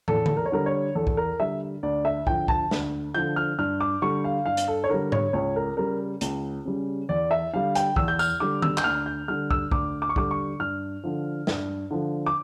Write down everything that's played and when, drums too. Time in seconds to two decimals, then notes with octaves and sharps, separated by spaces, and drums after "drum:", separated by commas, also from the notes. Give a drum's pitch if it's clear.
0.08 E2 A4, drum: tom
0.26 drum: tom D3
0.37 A#4
0.46 C#5
0.52 D3 G3 A#4
0.66 C#5
0.95 E2 A4
1.07 drum: kick
1.17 A#4
1.39 D3 G3 E5
1.83 D2 D5
2.05 E5
2.27 D3 F3 G5, drum: kick
2.48 A5, drum: kick
2.71 D2, drum: snare
3.14 D3 F3 G6
3.36 F6
3.59 G2 F6
3.81 D6
4.02 D3 G3 C#6
4.24 F5
4.46 G2 F5
4.57 drum: hi-hat
4.68 A4
4.84 C#5
4.90 D3 G3 A#4
5.12 C#5, drum: tom G#2
5.33 C#2 C#5
5.56 A#4
5.77 C#3 G3 A#4
6.21 C#2, drum: hi-hat
6.65 C#3 G3
7.09 E2 D5
7.31 E5
7.54 D3 G3 F5
7.75 G5, drum: hi-hat
7.96 E2 E6, drum: kick
8.08 G6
8.19 F6, drum: tambourine
8.40 D3 G3 D6
8.62 E6, drum: tom D#3
8.78 G6, drum: clap
8.84 D2 F6
9.06 G6
9.28 D3 G3 F6
9.51 E6, drum: kick
9.71 D2 D6, drum: kick
10.02 D6
10.09 C#6
10.16 D3 G3 D6, drum: kick
10.31 C#6
10.59 G2 F6
11.04 D3 F3
11.47 G2, drum: snare
11.91 D3 F3
12.26 D6